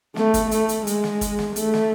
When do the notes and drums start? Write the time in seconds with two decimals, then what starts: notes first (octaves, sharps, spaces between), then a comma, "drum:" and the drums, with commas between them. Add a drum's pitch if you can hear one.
0.16 A3, drum: snare
0.34 drum: kick, hi-hat
0.51 A3, drum: hi-hat
0.69 drum: hi-hat
0.87 G#3, drum: hi-hat
1.04 drum: snare
1.21 drum: kick, hi-hat
1.39 drum: snare
1.56 A3, drum: hi-hat
1.74 drum: snare